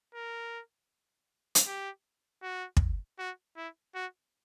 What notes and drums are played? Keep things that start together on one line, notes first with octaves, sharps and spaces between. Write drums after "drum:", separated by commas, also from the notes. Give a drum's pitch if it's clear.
A#4
drum: hi-hat
G4
F#4
drum: kick
F#4
E4
F#4